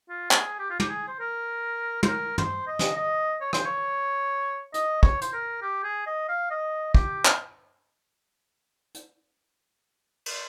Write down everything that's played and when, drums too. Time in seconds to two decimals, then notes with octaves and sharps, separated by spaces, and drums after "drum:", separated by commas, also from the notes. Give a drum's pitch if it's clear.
0.09 F4
0.31 G#4, drum: clap
0.59 G4
0.70 F4
0.80 G4, drum: tom
0.89 G#4
1.08 C5
1.20 A#4
2.03 C5, drum: tom
2.08 A#4
2.38 C5, drum: tom
2.67 D#5
2.79 drum: snare
2.96 D#5
3.41 C#5
3.53 C5, drum: rim click
3.65 C#5
4.74 D#5, drum: hi-hat
5.03 C#5, drum: kick
5.21 C5, drum: hi-hat
5.33 A#4
5.62 G4
5.84 G#4
6.07 D#5
6.29 F5
6.50 D#5
6.95 G4, drum: kick
7.25 drum: clap
8.94 drum: hi-hat
10.26 drum: cymbal